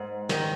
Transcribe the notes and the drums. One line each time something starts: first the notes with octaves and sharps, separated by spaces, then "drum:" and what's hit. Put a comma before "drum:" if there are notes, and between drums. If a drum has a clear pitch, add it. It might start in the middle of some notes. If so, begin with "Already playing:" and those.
Already playing: G#2
D#3, drum: snare